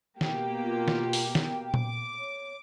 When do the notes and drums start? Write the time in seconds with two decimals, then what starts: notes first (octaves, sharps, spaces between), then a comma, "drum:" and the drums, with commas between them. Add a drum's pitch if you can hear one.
0.21 B2 A#3 G4, drum: snare
0.63 F4
0.88 drum: snare
1.13 drum: open hi-hat
1.35 G5, drum: snare
1.74 D6, drum: tom A#2
2.18 C#5